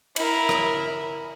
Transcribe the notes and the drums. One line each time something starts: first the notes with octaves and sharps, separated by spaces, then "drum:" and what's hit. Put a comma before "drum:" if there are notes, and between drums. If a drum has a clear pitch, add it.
E4 A#4, drum: cymbal
drum: rim click